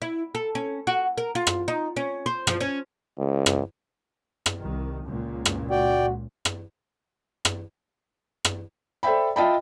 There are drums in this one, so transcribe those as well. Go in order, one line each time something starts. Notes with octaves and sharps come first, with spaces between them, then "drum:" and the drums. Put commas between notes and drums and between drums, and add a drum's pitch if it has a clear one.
E4
A4
C#4
F#4
A#4
F4
drum: rim click
D#4
C#4
C5
F3, drum: rim click
C#4
C#2
drum: rim click
drum: rim click
C2 D#3
C#2 A#2
drum: rim click
F#4 D5 G5
drum: rim click
drum: rim click
drum: rim click
A4 C5 D5 E5 G5 B5
F4 D#5 E5 G5 A5 B5